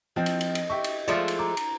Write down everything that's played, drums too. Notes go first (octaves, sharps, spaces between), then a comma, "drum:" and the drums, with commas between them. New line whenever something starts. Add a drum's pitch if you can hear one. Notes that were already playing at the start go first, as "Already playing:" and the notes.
F3 C4 D#5
drum: cymbal
drum: cymbal
drum: cymbal
G4 E5 C#6
drum: cymbal
F3 G#3 A3 D5 F5
drum: cymbal
A#5 D6
drum: cymbal